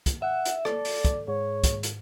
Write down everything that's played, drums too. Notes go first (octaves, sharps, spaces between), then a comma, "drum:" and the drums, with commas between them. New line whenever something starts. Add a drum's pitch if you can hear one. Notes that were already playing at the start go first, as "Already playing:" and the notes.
drum: kick, hi-hat
E5 F#5
drum: hi-hat
A4 D5, drum: rim click
drum: open hi-hat
drum: kick, hi-hat
G#2 C#5
drum: kick, hi-hat
drum: hi-hat